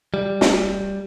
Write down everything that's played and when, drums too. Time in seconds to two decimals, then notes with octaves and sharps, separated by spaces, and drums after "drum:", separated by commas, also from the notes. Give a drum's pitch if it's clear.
0.14 G3
0.41 drum: snare